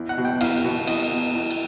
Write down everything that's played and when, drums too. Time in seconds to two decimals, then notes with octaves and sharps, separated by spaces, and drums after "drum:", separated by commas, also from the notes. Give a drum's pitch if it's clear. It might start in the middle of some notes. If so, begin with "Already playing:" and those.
Already playing: E2
0.09 F#5
0.18 B2
0.25 G5
0.41 E2 F5, drum: cymbal
0.64 B2
0.87 E2 D#5, drum: cymbal
1.11 B2
1.35 E2
1.51 drum: cymbal